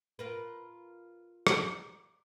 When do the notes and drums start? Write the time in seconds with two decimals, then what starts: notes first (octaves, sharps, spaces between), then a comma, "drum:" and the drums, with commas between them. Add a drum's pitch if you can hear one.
0.19 F4 A#4 B4
1.47 drum: rim click